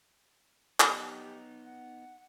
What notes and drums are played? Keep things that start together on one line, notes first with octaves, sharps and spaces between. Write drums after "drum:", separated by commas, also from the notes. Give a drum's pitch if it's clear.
B3 D#4 G4, drum: clap
F#5